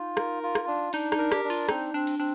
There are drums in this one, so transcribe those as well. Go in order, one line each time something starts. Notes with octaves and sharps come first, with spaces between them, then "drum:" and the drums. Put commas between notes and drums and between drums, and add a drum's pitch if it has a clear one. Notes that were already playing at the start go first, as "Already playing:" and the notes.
Already playing: D#4 F4
A#4, drum: rim click
F4
drum: rim click
D4
D4 D#4, drum: cymbal
D#4, drum: rim click
A#4
G4, drum: rim click
D4
F4, drum: cymbal
C4 D#4, drum: rim click
C4 D4
drum: cymbal
C4 D4